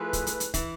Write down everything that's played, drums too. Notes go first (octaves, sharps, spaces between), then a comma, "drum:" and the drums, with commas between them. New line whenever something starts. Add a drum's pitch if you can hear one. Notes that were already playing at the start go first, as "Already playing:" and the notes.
Already playing: F3 A3 E4 G#4 B4
drum: kick, hi-hat
drum: hi-hat
drum: hi-hat
E3, drum: kick, hi-hat